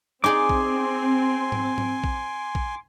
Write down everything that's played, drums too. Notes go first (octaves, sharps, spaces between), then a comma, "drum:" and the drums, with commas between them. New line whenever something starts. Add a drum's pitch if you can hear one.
C4 D#4 G#4 D5 G#5 C6 D6
drum: kick
drum: tom G#2
drum: tom G#2
drum: kick
drum: kick